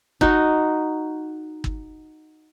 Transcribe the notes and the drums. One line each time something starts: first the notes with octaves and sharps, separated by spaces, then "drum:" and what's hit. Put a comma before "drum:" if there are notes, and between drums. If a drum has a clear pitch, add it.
D#4 F#4, drum: kick
drum: kick